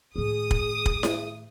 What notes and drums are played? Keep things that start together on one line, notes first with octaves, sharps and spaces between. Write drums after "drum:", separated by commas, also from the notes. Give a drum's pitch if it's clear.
A2 D#3 G#4 D#6
drum: kick
drum: kick
drum: snare E4